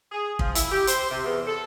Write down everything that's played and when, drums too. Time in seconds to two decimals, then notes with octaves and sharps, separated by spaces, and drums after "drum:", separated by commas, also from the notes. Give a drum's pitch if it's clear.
0.12 G#4
0.39 F3, drum: kick
0.55 E4, drum: hi-hat
0.72 G4
0.87 C5, drum: hi-hat
1.11 C3
1.25 E2
1.47 A4